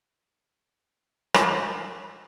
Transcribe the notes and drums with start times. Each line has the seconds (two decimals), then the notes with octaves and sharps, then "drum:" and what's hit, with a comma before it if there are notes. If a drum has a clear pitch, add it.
0.06 D4 D#4 F4 G4 A4
0.82 G4 D#5
1.34 drum: rim click
1.63 C#4 F4
1.82 E3 A3 D5
2.10 G#5 A5 B5